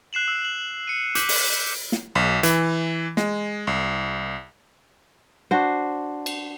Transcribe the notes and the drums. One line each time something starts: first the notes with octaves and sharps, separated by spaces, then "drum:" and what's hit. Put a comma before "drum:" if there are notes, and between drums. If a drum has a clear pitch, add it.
F#6 C7 E7 F#7
E6
F#7
C#7 D#7
D6 F#6 G6 B6 F#7, drum: hi-hat
drum: open hi-hat
drum: snare
B1
E3, drum: hi-hat
G#3, drum: snare
C2
D4 F#4 C5
drum: cymbal